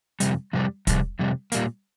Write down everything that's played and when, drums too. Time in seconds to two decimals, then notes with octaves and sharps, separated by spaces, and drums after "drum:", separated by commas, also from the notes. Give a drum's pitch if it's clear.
0.20 F2 C3 G3, drum: hi-hat
0.53 F2 C3 G3
0.87 F2 C3 G3, drum: kick, hi-hat
1.19 F2 C3 G3
1.52 A#2 G3 A#3, drum: hi-hat